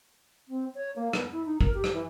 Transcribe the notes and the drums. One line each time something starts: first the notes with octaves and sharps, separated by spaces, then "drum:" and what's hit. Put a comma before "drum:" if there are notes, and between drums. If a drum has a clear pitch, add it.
C4
C#5
A#3
B3, drum: rim click
E4
D#4
A#4, drum: kick
G4
drum: rim click
E3